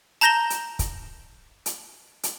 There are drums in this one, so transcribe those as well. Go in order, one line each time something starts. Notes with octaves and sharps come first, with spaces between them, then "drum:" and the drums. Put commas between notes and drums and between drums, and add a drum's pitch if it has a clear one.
A5 A#5 G6 A#6 E7 G7
drum: hi-hat
drum: kick, hi-hat
drum: hi-hat
drum: hi-hat